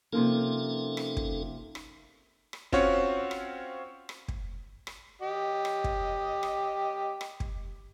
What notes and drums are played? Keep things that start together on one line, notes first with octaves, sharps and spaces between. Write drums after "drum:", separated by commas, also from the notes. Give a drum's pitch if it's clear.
C3 F3 A#3 C#4 D#4 A4
drum: rim click
drum: kick
drum: rim click
drum: rim click
C4 C#4 F4 F#4 C#5, drum: kick
drum: rim click
drum: rim click
drum: kick
drum: rim click
G4 D#5
drum: rim click
drum: kick
drum: rim click
drum: rim click
drum: kick